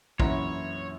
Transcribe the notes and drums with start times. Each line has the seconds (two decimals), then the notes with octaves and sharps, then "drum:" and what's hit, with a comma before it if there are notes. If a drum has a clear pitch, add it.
0.20 A#1 F#2 E3 E4 C#5 F#5 A#5 C6, drum: kick